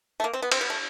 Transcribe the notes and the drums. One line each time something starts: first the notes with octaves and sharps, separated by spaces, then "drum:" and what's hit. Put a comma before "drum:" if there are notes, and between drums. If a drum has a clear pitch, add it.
A3
A#3
C4
B3
C4, drum: cymbal
B3
A3